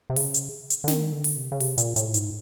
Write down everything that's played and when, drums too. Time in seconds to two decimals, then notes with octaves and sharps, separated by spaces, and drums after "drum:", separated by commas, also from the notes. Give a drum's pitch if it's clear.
0.10 C3
0.16 C#3, drum: open hi-hat
0.34 drum: hi-hat
0.70 drum: hi-hat
0.84 D3
0.88 D#3, drum: snare
1.12 D3
1.24 drum: open hi-hat
1.37 C3
1.52 C#3
1.60 C3, drum: open hi-hat
1.78 A#2, drum: hi-hat
1.96 A2, drum: hi-hat
2.14 G#2, drum: hi-hat